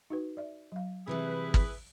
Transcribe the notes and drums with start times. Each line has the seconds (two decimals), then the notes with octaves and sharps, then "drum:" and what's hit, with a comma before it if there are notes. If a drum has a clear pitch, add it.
0.10 D#4 F#4 B4
0.37 D5 E5
0.72 F#3 F5
1.07 C3 E3 G3 E4 G#4 B4
1.54 drum: kick G#1